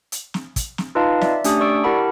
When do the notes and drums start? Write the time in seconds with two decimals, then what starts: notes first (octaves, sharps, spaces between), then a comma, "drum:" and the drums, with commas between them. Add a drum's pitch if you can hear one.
0.12 drum: hi-hat
0.34 drum: snare
0.56 drum: kick, hi-hat
0.78 drum: snare
0.95 D#4 F4 B4 D#5 F5 A5
1.21 D5 E5, drum: snare
1.44 A3 C#4 D4 G4 D#6, drum: hi-hat
1.60 D5 C#6 E6 D7
1.84 E4 G4 A#4 F#5 A5 B5